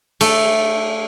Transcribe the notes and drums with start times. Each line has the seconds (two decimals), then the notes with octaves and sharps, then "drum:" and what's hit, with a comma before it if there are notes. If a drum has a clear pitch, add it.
0.21 A3, drum: cymbal